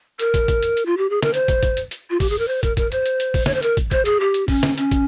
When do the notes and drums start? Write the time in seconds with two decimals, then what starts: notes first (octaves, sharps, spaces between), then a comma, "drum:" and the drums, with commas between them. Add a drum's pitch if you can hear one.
0.19 A#4, drum: hi-hat
0.34 drum: kick, hi-hat
0.48 drum: kick, hi-hat
0.63 drum: hi-hat
0.77 drum: hi-hat
0.86 F4
0.97 G4
1.10 G#4
1.22 A#4, drum: snare
1.34 C5, drum: hi-hat
1.48 drum: kick, hi-hat
1.63 drum: kick, hi-hat
1.77 drum: hi-hat
1.91 drum: hi-hat
2.10 F4
2.20 G4, drum: kick, open hi-hat
2.30 G#4
2.39 A#4
2.48 C5
2.63 A#4, drum: kick, hi-hat
2.77 A#4, drum: kick, hi-hat
2.92 C5, drum: hi-hat
3.06 drum: hi-hat
3.20 drum: hi-hat
3.34 drum: kick, open hi-hat
3.46 C#5, drum: snare
3.54 C5
3.63 A#4, drum: hi-hat
3.77 drum: kick, hi-hat
3.91 C5, drum: kick, hi-hat
4.05 G#4, drum: hi-hat
4.20 G4
4.34 drum: hi-hat
4.48 C#4, drum: kick, open hi-hat
4.63 drum: snare
4.78 C#4, drum: hi-hat
4.91 drum: kick, hi-hat